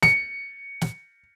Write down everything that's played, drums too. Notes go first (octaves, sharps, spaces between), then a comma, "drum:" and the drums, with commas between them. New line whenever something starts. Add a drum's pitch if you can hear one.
C#7, drum: snare
drum: snare